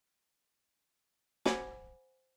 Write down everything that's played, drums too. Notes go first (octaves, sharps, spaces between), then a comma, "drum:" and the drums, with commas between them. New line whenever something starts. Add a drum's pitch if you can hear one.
C5 F#5 G#5 B5 D6 G#6, drum: snare